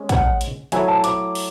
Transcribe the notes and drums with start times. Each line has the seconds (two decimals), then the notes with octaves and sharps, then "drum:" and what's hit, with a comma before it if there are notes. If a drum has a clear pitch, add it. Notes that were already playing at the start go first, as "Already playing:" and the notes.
Already playing: G#3 C#4
0.09 F#5, drum: kick, hi-hat
0.41 drum: hi-hat
0.72 F#3 A3 E4 G#5, drum: hi-hat
0.88 A5
1.04 D6, drum: hi-hat
1.35 drum: open hi-hat